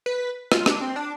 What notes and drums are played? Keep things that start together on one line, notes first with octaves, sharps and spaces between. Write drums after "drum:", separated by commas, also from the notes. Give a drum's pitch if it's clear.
B4
F4, drum: rim click
D4, drum: rim click
C4
D4